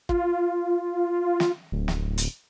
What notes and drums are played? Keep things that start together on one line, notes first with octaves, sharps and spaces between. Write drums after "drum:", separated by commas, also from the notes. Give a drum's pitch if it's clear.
F4, drum: kick
drum: snare
D1
drum: snare
drum: hi-hat